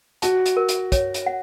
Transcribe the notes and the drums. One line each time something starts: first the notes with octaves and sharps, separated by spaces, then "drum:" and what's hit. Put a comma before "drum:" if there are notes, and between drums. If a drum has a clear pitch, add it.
F#4 A5, drum: hi-hat
drum: hi-hat
A#4
drum: hi-hat
C#5, drum: kick, hi-hat
drum: hi-hat
F#5